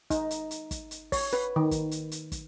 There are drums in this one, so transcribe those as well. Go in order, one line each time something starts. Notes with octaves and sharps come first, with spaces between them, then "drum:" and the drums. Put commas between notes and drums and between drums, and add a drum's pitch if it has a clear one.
D#4, drum: kick, hi-hat
drum: hi-hat
drum: hi-hat
drum: kick, hi-hat
drum: hi-hat
C#5, drum: kick, open hi-hat
B4, drum: snare
D#3
drum: kick, hi-hat
drum: hi-hat
drum: hi-hat
drum: kick, hi-hat